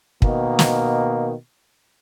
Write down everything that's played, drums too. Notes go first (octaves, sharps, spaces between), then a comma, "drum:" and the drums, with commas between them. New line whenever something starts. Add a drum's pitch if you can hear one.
B2 D#3 A#3, drum: kick
drum: snare